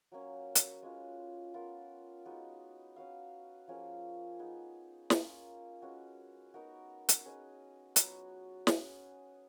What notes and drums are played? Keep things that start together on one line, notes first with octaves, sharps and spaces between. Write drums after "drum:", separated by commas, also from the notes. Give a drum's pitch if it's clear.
F#3 A#3 C#4
drum: hi-hat
G#3 C#4 F4 B4
B3 F4 A#4
G#3 B3 D#4 F#4
C#4 F#4 B4 F5
F3 A#3 C#4 G#4
B3 D#4 G#4
A#3 C#4 F4 G#4, drum: snare
G#3 C#4 F#4 B4
B3 D#4 F#4 A#4
drum: hi-hat
C#4 G#4 B4 D#5
F#3 B3 F#4, drum: hi-hat
C#4 G#4 B4, drum: snare